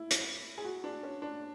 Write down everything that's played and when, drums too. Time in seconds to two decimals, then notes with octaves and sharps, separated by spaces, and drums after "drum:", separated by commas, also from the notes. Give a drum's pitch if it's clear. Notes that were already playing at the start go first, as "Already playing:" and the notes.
Already playing: E4
0.11 drum: hi-hat
0.58 G#4
0.65 F#4
0.84 D4
1.03 C#4
1.22 D4